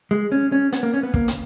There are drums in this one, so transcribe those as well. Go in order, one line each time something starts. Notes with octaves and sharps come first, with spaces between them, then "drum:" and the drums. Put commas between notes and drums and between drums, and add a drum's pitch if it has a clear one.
G#3
C#4
C#4
B3, drum: hi-hat
A#3
C#4
B3
A#3, drum: kick
drum: hi-hat